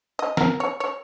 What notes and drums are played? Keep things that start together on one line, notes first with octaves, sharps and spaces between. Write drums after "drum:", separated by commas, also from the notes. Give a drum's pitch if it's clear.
D#5
A#4, drum: snare
C#5
C#5